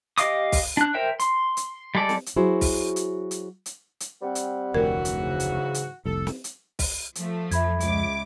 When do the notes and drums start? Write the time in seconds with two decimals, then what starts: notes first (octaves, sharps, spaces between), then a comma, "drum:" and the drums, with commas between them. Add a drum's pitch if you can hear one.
0.18 G4 D#5 F5 D6 D#6, drum: hi-hat
0.52 drum: kick, open hi-hat
0.77 D4 F#6
0.94 A#4 C5 E5 G5
1.20 C6, drum: hi-hat
1.57 drum: hi-hat
1.95 G3 G#3 A4 D5
2.09 drum: snare
2.26 drum: hi-hat
2.36 F#3 E4 F#4 G#4 C5
2.61 drum: kick, open hi-hat
2.96 drum: hi-hat
3.31 drum: hi-hat
3.66 drum: hi-hat
4.00 drum: hi-hat
4.22 G3 C4 F#5
4.35 drum: hi-hat
4.74 F1 D2 E3 F#3 F#4 A#4
5.05 drum: hi-hat
5.18 G#2 C#3
5.40 drum: hi-hat
5.74 drum: hi-hat
6.05 F1 C2 A4
6.27 drum: snare
6.44 drum: hi-hat
6.79 drum: kick, open hi-hat
7.15 F3 A3, drum: hi-hat
7.51 F2 E5 B5 G#6, drum: hi-hat
7.80 C#2 D6, drum: hi-hat